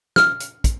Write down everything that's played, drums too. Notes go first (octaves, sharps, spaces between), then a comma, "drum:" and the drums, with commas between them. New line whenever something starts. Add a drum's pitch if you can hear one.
F6, drum: snare
drum: hi-hat
drum: kick, hi-hat